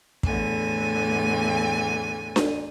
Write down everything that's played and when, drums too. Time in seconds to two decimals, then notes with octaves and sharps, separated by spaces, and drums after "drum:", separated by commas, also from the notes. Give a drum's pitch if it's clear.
0.23 E2 A2 D3 G#5, drum: kick
2.36 drum: snare D4